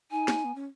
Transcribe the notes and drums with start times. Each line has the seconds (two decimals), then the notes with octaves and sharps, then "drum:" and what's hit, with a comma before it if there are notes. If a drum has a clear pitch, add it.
0.11 D#4 G#5
0.28 drum: snare
0.45 B3
0.55 C#4